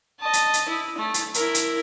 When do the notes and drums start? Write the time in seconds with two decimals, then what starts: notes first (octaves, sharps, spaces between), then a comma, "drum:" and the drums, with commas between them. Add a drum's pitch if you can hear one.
0.20 D#5 A5
0.33 drum: hi-hat
0.54 drum: hi-hat
0.69 E4
0.98 A3
1.14 drum: hi-hat
1.34 E4 A#4, drum: hi-hat
1.54 drum: hi-hat